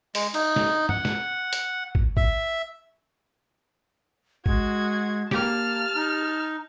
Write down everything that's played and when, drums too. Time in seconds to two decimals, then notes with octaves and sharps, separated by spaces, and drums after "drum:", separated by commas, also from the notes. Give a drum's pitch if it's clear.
0.15 G#3, drum: open hi-hat
0.34 D#4, drum: cymbal
0.56 drum: snare
0.89 F#5, drum: tom
1.05 drum: snare
1.53 drum: hi-hat
1.95 drum: kick
2.17 E5, drum: kick
4.46 G#3 F#4 G#6, drum: kick
5.31 A#3 G4 A5 F6, drum: snare
5.94 D#4